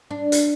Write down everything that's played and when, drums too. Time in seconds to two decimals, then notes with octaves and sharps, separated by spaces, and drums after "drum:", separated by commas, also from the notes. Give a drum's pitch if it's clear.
0.11 D4
0.32 drum: hi-hat